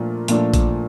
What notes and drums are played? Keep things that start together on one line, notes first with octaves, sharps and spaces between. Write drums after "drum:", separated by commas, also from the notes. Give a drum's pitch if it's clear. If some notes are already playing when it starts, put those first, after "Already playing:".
Already playing: A#2 F3 A3 D4 F4
A#2 F3 A3 D4 F4, drum: hi-hat
drum: kick A1, hi-hat